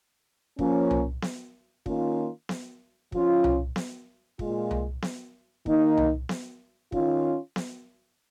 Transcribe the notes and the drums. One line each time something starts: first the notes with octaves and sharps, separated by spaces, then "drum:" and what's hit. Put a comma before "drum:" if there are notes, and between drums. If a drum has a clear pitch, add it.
F3 A#3 C#4, drum: kick
drum: tom C2
drum: snare B3
D#3 A#3 C#4 F4, drum: kick
drum: snare B3
F3 C#4 F4, drum: kick
drum: tom C2
drum: snare B3
A#2 G#3 F4, drum: kick
drum: tom C2
drum: snare B3
D#3 A#3 D#4, drum: kick
drum: tom C2
drum: snare B3
D#3 C#4 F4, drum: kick
drum: snare B3